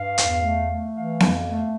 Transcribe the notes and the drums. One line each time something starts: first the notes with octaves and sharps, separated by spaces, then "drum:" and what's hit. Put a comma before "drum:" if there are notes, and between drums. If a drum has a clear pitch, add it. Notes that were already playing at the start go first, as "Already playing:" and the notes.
Already playing: G2 F5
E2, drum: hi-hat
A3
A3
E3 F5
F2, drum: snare B3
A3